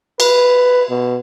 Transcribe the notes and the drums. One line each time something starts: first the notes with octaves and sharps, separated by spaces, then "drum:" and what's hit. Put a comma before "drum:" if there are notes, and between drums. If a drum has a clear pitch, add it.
B4, drum: cymbal
B2